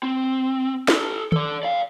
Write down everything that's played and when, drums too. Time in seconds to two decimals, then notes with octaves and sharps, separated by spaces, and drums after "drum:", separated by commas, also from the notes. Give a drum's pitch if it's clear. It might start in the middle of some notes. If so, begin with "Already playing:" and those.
0.03 C4
0.88 A4 B4, drum: snare
1.32 A4 D5, drum: tom
1.63 D5 F5